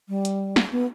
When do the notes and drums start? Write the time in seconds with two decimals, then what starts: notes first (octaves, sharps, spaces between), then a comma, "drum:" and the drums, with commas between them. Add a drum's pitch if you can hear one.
0.09 G3
0.25 drum: hi-hat
0.56 drum: snare
0.72 B3